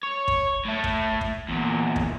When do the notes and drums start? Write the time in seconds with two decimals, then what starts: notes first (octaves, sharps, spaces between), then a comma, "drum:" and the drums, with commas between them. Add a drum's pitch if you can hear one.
0.03 C#5
0.28 drum: kick
0.65 A2 A3
0.84 drum: kick
1.21 drum: kick
1.49 E2 A#2
1.96 drum: kick